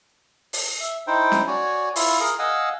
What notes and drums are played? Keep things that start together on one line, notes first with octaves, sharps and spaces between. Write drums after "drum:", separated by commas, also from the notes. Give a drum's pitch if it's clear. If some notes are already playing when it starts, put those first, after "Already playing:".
drum: open hi-hat
E5
D#4 E4 C5 G5
drum: snare C#4
F#4 C#5 D5 G#5
E4 F4 E5, drum: open hi-hat
G#4 A#4
D#5 F5 F#5 G#5 E6